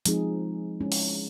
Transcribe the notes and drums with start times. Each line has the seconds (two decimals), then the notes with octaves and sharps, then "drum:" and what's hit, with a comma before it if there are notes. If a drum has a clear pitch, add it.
0.06 F3 G#3 C4 D#4 G#4, drum: hi-hat
0.81 G#3 C#4 E4
0.92 drum: open hi-hat